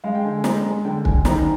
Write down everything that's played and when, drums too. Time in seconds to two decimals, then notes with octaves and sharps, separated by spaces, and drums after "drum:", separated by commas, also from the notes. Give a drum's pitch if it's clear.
0.04 G#3 F5
0.15 G5
0.24 D3 G#5
0.39 G#5
0.44 G#3 A#5, drum: snare
0.65 G#3
0.85 D3 G5
1.05 D3 G#5, drum: kick
1.25 D#3 A#5, drum: snare